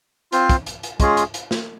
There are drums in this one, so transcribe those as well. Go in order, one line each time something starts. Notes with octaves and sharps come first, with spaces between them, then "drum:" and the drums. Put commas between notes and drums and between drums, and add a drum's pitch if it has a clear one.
C4 F4 C5, drum: hi-hat
drum: kick, hi-hat
drum: hi-hat
drum: hi-hat
G#3 C#4 F4 G#4, drum: kick, hi-hat
drum: hi-hat
drum: hi-hat
drum: snare